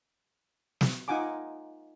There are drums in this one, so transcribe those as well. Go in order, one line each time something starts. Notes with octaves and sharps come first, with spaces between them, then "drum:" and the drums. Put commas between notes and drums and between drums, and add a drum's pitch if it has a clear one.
drum: snare
D#4 F4 F#5 G#5 D6